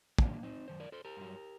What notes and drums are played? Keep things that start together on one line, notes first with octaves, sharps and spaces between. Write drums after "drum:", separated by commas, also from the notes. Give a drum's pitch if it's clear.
F#2 D#3 G3 A#3 D4, drum: kick
C4 D#4
F#2 D#3 C5
A#4 D5
A4 C5
G4 A#4
G2 F#3